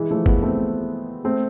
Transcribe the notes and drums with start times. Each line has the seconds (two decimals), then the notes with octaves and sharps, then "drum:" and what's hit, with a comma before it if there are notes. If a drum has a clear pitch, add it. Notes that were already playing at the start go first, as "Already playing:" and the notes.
Already playing: E3 G#3
0.11 F3 A3
0.26 G#3 B3, drum: kick G1
0.43 A3 C4
1.25 A3 C4